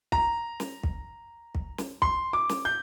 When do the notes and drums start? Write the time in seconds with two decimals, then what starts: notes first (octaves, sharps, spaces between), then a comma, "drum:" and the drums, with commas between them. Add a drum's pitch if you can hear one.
0.12 A#5, drum: kick
0.60 drum: snare
0.83 drum: kick
1.55 drum: kick
1.78 drum: snare
2.02 C6, drum: kick
2.33 D6
2.49 drum: snare
2.65 G6